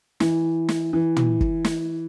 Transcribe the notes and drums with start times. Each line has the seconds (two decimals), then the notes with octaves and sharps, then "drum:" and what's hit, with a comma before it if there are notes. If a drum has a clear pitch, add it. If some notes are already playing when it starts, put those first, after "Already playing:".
0.20 E3, drum: snare
0.69 drum: snare
0.93 E3
1.17 drum: tom
1.41 drum: kick
1.64 drum: snare